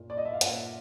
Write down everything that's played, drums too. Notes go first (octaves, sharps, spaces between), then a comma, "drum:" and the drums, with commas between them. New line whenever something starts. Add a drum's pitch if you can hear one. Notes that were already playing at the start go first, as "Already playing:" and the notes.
Already playing: A#2
D5
D#5
E5
F5
A#2 F#5, drum: hi-hat